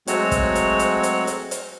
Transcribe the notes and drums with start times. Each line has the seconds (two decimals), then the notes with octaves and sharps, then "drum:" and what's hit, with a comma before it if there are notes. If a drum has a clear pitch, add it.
0.07 F#3 G#3 A3 C4 F#4 C#5, drum: hi-hat
0.31 drum: kick, hi-hat
0.55 drum: hi-hat
0.79 drum: hi-hat
1.03 drum: hi-hat
1.27 drum: hi-hat
1.51 drum: hi-hat